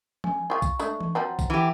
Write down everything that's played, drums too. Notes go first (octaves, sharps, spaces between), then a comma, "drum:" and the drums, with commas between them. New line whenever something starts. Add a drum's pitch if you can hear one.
G#5, drum: tom F3
F4 G4 G#4 C#6
drum: kick B1, tambourine
G#3 A3 D4, drum: tambourine
drum: tom E3
F3 F#3 C4 F#5 A#5 A6
drum: kick B1, tambourine
E3 G4